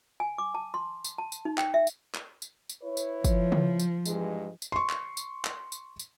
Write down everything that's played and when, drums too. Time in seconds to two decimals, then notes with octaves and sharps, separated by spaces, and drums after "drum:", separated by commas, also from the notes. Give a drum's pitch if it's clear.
0.20 G#5
0.38 D6
0.55 A5
0.74 C6
1.04 drum: tambourine
1.18 A5
1.32 drum: tambourine
1.45 D#4
1.58 G5, drum: clap
1.74 E5
1.87 drum: tambourine
2.14 drum: clap
2.42 drum: tambourine
2.69 drum: tambourine
2.82 E4 B4 C#5
2.97 drum: tambourine
3.24 F3, drum: kick, tambourine
3.52 drum: tom C#3
3.79 drum: tambourine
4.05 G2 E3 G#3, drum: tambourine
4.62 drum: tambourine
4.72 C6 C#6
4.89 drum: clap
5.17 drum: tambourine
5.44 drum: clap
5.72 drum: tambourine
5.99 drum: tambourine